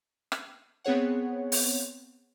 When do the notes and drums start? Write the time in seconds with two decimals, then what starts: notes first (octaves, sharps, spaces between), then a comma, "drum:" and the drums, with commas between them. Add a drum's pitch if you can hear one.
0.32 drum: rim click
0.84 B3 C4 G#4 C#5 F#5
1.52 drum: open hi-hat